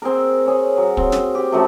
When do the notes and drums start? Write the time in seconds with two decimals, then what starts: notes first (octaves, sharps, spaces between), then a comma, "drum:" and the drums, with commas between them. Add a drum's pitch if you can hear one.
0.02 C4 G#4 A#4
0.46 G#4 C#5
0.77 F#3
0.97 C4, drum: kick
1.12 drum: snare
1.35 G4
1.52 F#2 F3 F#3 A3